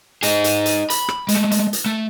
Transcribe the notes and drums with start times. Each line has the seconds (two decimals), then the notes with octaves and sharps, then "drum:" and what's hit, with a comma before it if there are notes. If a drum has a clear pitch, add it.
0.23 D#4 G#4, drum: hi-hat
0.44 drum: hi-hat
0.66 drum: hi-hat
0.90 B5, drum: hi-hat
1.08 drum: rim click
1.29 G#3 A3, drum: hi-hat
1.51 drum: hi-hat
1.73 drum: hi-hat
1.86 A3